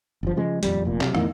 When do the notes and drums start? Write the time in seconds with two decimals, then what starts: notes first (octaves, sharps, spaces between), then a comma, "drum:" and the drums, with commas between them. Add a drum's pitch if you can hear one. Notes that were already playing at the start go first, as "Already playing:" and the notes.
0.23 G1 F3
0.36 C#3 F3 G#3
0.63 D#1 F2 G3, drum: hi-hat
0.85 F1 A#2
1.01 C3 F#3, drum: clap
1.15 E2 A2 D#3, drum: rim click